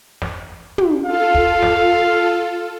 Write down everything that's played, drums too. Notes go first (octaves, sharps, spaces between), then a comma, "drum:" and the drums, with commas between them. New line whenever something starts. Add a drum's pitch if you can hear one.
drum: snare
drum: tom
F4 A4 F5
drum: kick
drum: snare